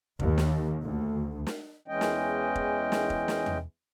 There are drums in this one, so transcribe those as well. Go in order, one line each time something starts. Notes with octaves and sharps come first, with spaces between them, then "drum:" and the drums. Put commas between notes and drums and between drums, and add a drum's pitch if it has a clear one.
D#2, drum: kick F1
drum: snare
D2
drum: snare
E2 E3 G#3 C#4 D#5 G5
drum: snare
drum: kick F1
drum: snare
drum: kick F1
drum: snare
drum: tom E2